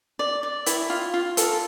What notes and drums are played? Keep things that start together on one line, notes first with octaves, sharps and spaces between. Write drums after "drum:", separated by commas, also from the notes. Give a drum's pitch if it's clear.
D5
D5
E4, drum: hi-hat
F4
F4
A4, drum: hi-hat